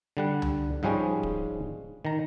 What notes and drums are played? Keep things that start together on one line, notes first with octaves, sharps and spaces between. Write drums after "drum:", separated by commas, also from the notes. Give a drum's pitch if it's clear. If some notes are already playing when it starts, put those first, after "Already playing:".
D3 G3 F#5
drum: tom C#2
G#2 F3 G3 G#3 C#4 G#4
drum: kick D1
D#3 A#5